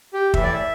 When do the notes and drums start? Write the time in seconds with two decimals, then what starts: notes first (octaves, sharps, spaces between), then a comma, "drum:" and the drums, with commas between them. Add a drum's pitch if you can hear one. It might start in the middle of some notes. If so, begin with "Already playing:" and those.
0.13 G4
0.34 A2 E3 E5, drum: kick
0.43 D5
0.54 E5